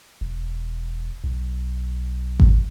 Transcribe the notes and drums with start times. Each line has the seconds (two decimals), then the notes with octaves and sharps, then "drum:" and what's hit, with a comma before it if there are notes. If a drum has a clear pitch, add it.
0.21 E1
1.24 B1
2.40 drum: kick G#1